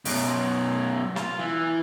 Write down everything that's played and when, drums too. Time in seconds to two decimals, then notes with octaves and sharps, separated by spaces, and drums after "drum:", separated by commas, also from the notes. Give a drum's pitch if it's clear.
0.05 F#2 B2, drum: open hi-hat
1.16 F4, drum: snare
1.39 E3